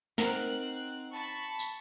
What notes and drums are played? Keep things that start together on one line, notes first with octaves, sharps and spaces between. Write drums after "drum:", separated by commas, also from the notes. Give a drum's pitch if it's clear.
C4 D#4 A#4 F#5 F#6, drum: snare
A5 B5 C#6
drum: tambourine